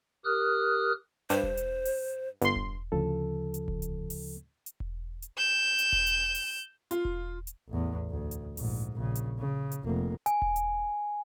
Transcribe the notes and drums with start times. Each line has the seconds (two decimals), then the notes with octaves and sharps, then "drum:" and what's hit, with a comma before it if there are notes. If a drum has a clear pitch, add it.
0.25 G4 A#4 D#6 F6 F#6
1.30 G2 C5, drum: hi-hat
1.43 drum: kick E1
1.57 drum: hi-hat
1.85 drum: open hi-hat
2.42 G1 C6, drum: hi-hat
2.56 drum: kick E1
2.92 D2 C#3 F3 A4
3.54 drum: hi-hat
3.68 drum: kick E1
3.82 drum: hi-hat
4.10 drum: open hi-hat
4.66 drum: hi-hat
4.80 drum: kick E1
5.22 drum: hi-hat
5.37 G6 E7
5.78 drum: hi-hat
5.93 drum: kick E1
6.07 drum: hi-hat
6.35 drum: open hi-hat
6.91 F4, drum: hi-hat
7.05 drum: kick E1
7.47 drum: hi-hat
7.68 A1 E2
8.10 D2
8.31 drum: hi-hat
8.57 A#1 G#2, drum: open hi-hat
8.96 A#1 C#3
9.15 drum: hi-hat
9.38 C#3
9.72 drum: hi-hat
9.85 F1 A#3
10.26 G#5, drum: hi-hat
10.42 drum: kick E1
10.56 drum: hi-hat